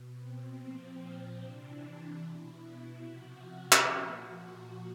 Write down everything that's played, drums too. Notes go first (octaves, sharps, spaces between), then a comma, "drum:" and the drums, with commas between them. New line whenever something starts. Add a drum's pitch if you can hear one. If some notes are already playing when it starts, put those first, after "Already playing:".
Already playing: B2
C4
A#2 F3
C3 E3 D4
B2 E4
C3 F3 F#4
drum: clap
A#2 F3